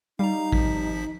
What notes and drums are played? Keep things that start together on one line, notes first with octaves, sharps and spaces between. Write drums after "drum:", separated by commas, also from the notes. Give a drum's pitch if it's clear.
G3 D#4 F5 A#5
G#1 F3 B6, drum: kick A1